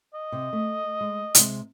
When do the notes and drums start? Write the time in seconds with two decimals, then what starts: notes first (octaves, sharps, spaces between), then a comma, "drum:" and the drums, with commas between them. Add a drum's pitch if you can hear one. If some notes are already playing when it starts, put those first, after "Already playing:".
0.14 D#5
0.32 C3
0.53 A3
1.01 G#3
1.35 C3 G#3, drum: hi-hat